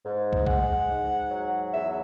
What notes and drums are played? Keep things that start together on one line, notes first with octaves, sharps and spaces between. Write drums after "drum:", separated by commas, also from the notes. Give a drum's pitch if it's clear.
G#2
drum: kick
G#3 F#5, drum: kick
G#2
F#3
E2 E5